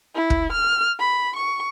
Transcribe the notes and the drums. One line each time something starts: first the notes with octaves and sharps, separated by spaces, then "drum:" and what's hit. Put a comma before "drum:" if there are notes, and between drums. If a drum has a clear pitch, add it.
E4
drum: kick
F6
B5
C#6